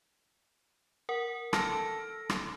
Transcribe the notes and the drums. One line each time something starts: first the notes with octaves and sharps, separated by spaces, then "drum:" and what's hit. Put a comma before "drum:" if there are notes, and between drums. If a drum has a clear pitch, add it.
A#4 F#5
A4 F6 A#6 D7, drum: rim click
drum: rim click